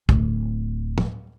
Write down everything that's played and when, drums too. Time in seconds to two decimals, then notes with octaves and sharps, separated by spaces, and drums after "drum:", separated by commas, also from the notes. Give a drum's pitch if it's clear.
0.09 D1, drum: kick
0.98 drum: tom